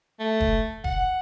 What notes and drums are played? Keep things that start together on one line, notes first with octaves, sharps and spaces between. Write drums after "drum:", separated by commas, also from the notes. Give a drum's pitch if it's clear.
A3
drum: kick
F#5, drum: kick